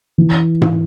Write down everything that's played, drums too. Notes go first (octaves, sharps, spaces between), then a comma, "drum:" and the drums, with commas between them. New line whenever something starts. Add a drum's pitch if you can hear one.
E3
drum: tom G#2